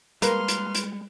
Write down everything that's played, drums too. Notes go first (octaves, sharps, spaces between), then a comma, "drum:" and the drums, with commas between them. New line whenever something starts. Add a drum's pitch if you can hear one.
G3 G#3 A#3 B4 C6 F6, drum: hi-hat
drum: hi-hat
drum: hi-hat